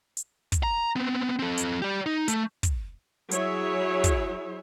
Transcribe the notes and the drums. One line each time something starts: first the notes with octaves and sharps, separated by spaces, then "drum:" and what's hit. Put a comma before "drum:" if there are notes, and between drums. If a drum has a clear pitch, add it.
drum: hi-hat
drum: kick, hi-hat
A#5
B3 C4
C4 A4
drum: hi-hat
G4 D5
D#4
A3, drum: hi-hat
drum: kick, hi-hat
F#3 E4 G#4 C#5 E5, drum: hi-hat
drum: kick, hi-hat